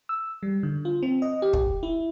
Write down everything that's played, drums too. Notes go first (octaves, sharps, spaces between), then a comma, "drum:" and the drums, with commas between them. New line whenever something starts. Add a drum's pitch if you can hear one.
E6
G3
D3
F4
C4
D#5
G4
drum: kick
E4